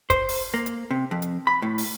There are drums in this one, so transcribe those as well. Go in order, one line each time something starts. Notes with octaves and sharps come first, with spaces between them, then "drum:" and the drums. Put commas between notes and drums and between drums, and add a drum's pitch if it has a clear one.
C5, drum: kick, hi-hat
drum: open hi-hat
A#3
drum: hi-hat
C3
F2
drum: hi-hat
B5
A2
drum: open hi-hat